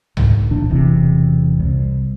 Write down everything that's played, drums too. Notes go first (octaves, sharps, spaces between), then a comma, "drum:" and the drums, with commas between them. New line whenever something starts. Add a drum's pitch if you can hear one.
G#2, drum: tom C2
D1 A#1 D#3 D4
E1 E2 C3 E3
C2